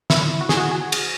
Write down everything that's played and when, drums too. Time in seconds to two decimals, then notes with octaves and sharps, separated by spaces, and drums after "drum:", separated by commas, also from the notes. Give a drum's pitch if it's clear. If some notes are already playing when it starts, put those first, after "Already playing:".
0.10 E4, drum: snare
0.41 F#4
0.49 G#4, drum: snare
0.57 F#4
0.71 G#4
0.92 drum: cymbal